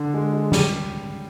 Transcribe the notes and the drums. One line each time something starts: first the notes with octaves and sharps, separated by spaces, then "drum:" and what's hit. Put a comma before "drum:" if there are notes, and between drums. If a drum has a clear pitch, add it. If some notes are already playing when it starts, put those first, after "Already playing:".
Already playing: D3
G#3
G#3
G3, drum: snare